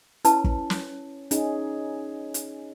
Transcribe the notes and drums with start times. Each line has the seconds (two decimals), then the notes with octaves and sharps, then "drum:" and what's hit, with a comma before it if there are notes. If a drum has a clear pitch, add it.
0.25 C#4 E4 B4 A5, drum: hi-hat
0.44 drum: kick
0.70 drum: snare
1.31 C#4 D#4 G#4, drum: hi-hat
2.34 drum: hi-hat